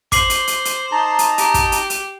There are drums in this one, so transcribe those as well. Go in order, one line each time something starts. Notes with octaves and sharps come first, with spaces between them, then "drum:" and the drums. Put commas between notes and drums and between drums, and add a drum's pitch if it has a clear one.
C5 D6 C7 F#7, drum: kick, hi-hat
drum: hi-hat
drum: hi-hat
drum: hi-hat
D#4 A5 A#5
drum: hi-hat
G4, drum: hi-hat
drum: kick, hi-hat
drum: hi-hat
drum: hi-hat